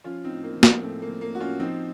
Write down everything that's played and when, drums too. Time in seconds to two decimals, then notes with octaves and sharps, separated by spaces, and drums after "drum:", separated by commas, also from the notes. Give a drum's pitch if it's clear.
0.04 F3 C#4 F4
0.24 C4 D#4
0.30 A2
0.44 A#3
0.56 F3
0.63 A#3, drum: snare
0.82 A2 A3 C4
1.02 A#3
1.08 F3
1.21 A#3
1.34 A2 F#4
1.40 C#4 F4
1.59 F3 C4 D#4